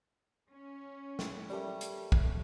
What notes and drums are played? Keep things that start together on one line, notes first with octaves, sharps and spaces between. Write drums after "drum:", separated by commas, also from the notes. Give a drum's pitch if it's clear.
C#4
drum: snare
G3 A3 G4 A#4 B4 D5
drum: hi-hat
drum: kick